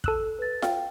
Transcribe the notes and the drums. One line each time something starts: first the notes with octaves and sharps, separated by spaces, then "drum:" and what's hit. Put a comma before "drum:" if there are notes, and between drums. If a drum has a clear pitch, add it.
A4 E6 F#6, drum: kick
B4 A6
F5 G5, drum: snare F4